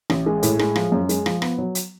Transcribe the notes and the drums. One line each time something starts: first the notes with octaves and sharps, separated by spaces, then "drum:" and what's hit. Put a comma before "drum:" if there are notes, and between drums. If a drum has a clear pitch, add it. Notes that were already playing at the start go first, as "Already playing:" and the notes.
A1, drum: rim click
G#3
A2, drum: hi-hat
G#3, drum: rim click
F3, drum: rim click
F#2
G#3, drum: hi-hat
F3, drum: rim click
B3, drum: rim click
F#3
drum: hi-hat